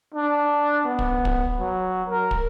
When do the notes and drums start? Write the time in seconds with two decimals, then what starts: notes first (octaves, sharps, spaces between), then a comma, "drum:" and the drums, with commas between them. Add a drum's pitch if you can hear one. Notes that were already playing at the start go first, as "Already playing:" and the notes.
0.14 D4
0.85 B3
0.99 drum: kick
1.25 drum: kick
1.59 F#3
2.09 A#4
2.31 drum: kick